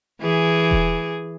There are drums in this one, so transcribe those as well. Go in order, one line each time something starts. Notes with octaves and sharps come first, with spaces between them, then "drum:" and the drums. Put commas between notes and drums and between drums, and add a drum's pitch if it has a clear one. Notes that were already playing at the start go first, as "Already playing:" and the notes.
E3 G#4
drum: kick E1